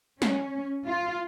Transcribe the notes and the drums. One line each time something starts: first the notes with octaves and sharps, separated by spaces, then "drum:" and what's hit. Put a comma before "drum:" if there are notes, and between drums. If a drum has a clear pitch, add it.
C#4, drum: snare
F4